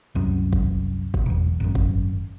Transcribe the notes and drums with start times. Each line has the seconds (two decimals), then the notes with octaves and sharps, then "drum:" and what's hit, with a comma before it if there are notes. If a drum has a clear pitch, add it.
0.15 C2 F#2
0.53 drum: kick
1.14 drum: kick
1.26 B1 E2
1.60 G#1 F#2
1.75 drum: kick